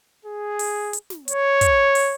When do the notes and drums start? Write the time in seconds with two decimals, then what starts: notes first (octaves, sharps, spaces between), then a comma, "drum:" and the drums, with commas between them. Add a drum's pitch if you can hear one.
0.25 G#4
0.59 drum: open hi-hat
0.93 drum: hi-hat
1.10 drum: snare
1.28 C#5, drum: hi-hat
1.61 drum: kick, hi-hat
1.95 drum: open hi-hat